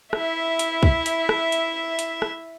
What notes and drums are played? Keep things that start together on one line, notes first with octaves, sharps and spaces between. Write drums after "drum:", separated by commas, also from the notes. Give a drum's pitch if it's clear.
E4 E5, drum: rim click
drum: hi-hat
drum: kick
drum: hi-hat
drum: rim click
drum: hi-hat
drum: hi-hat
drum: rim click